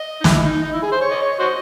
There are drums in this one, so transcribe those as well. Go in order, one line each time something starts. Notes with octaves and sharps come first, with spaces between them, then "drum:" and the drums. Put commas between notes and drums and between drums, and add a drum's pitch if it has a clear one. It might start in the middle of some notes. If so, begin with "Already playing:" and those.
Already playing: D#5
D#4
E4, drum: snare
D#4
D#4
E4
G#4
C5
C#5
D#5
C#5
F#4 C5 D#5